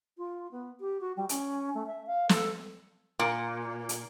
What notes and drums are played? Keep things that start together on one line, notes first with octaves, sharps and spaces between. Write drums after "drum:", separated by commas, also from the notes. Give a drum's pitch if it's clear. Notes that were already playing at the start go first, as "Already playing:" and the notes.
F4
B3
G4
F#4
G3
C#4, drum: hi-hat
A3
E5
F5
A4, drum: snare
A#2
drum: hi-hat